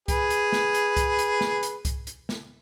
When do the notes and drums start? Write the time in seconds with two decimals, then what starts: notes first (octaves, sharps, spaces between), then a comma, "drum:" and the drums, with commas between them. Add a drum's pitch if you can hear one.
0.08 G#4 B4, drum: kick C2, hi-hat
0.30 drum: hi-hat
0.52 drum: snare
0.74 drum: hi-hat
0.97 drum: kick C2, hi-hat
1.19 drum: hi-hat
1.41 drum: snare
1.63 drum: hi-hat
1.85 drum: kick C2, hi-hat
2.07 drum: hi-hat
2.29 drum: snare